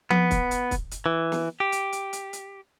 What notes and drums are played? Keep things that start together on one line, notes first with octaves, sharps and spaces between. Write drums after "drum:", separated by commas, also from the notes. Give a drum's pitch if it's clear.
B3, drum: tom F3
drum: kick, hi-hat
drum: hi-hat
drum: kick, hi-hat
drum: hi-hat
E3
drum: snare
G4
drum: hi-hat
drum: hi-hat
drum: hi-hat
drum: hi-hat